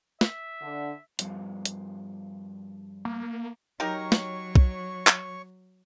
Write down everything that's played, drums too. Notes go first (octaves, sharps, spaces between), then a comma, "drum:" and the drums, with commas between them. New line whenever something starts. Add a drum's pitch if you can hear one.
E5, drum: snare
D3
G2 F3, drum: hi-hat
drum: hi-hat
A#3
F#3 D#4 G4 A#4 C#5 C#6
drum: snare
drum: kick B1
drum: clap